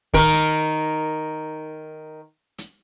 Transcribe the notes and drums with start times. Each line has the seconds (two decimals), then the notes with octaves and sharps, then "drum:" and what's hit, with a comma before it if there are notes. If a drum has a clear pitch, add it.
0.14 D#3 A#4, drum: kick
0.33 drum: hi-hat
2.58 drum: hi-hat